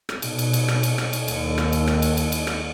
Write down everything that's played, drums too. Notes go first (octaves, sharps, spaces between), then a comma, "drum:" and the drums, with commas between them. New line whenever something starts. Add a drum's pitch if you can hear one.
drum: rim click
B2, drum: cymbal
drum: cymbal
drum: cymbal
drum: rim click
drum: cymbal
drum: rim click
drum: cymbal
D#2, drum: cymbal
drum: rim click
drum: cymbal
drum: rim click
drum: cymbal
drum: cymbal
drum: cymbal
drum: rim click